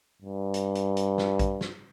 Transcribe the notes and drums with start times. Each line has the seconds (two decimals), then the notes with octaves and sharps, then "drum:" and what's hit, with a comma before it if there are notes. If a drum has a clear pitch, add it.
0.22 G2
0.54 drum: hi-hat
0.75 drum: hi-hat
0.97 drum: hi-hat
1.18 drum: snare
1.39 drum: kick A#1, hi-hat
1.61 drum: snare